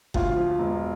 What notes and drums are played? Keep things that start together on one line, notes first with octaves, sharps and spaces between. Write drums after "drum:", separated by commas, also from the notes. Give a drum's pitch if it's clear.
D2 F4, drum: kick F#1
F3
E1